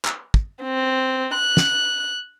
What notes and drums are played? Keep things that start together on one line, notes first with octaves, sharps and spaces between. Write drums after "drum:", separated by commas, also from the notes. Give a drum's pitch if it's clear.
drum: clap
drum: kick
C4
F#6
drum: snare